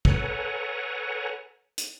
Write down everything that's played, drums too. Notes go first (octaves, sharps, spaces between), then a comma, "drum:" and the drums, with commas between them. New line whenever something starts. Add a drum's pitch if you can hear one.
A4 B4 C#5 F#5 G#5 A#5, drum: kick
drum: hi-hat